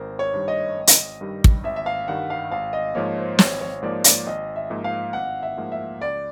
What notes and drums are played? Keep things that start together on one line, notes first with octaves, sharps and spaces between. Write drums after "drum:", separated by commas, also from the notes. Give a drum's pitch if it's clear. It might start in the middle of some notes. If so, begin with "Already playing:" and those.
Already playing: G#1 A#4 C5
C#5
G2 D#3 G3
D#5
G#1
drum: hi-hat
G2 D#3 G3
drum: kick
G#1 E5
E5
F5
G2 D#3 G3 F#5
F5
G#1 F5
D#5
G#2 F3 A#3 C#5
C5
G#1 C#5, drum: snare
C#5
G#2 F3 A#3 D5
D5, drum: hi-hat
G#1 D#5
E5
G#2 F3 A#3
F5
G#1 F#5
E5
G#2 F3 A#3
E5
C#2 D5